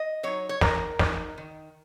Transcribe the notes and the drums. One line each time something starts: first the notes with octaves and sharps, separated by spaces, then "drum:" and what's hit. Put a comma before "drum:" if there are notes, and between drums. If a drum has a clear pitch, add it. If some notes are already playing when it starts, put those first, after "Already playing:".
Already playing: D#5
F#3 D#4 C#5
C#5
D#3 A#4, drum: snare
F#3 D#4, drum: snare
D#3